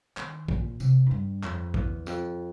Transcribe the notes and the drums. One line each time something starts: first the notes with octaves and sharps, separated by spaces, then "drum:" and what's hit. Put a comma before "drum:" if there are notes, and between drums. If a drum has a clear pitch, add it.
D#3, drum: clap
A#2, drum: kick A#1
C3, drum: tambourine
G#2
G2
F2, drum: clap
E2, drum: kick A#1
F2, drum: tambourine